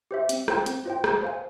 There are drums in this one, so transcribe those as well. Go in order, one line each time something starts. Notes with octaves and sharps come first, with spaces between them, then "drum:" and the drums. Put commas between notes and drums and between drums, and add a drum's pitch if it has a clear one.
G4 C5 E5
C4, drum: hi-hat
F4 C5 G5, drum: rim click
C4, drum: hi-hat
F4 C5 G5
G#4, drum: rim click
C5 F5 G#5